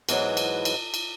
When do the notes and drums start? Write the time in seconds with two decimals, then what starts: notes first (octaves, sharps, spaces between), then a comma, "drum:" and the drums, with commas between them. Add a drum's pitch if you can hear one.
0.09 G#2 E3 F#3 B3, drum: cymbal
0.37 drum: cymbal
0.65 drum: cymbal
0.94 drum: cymbal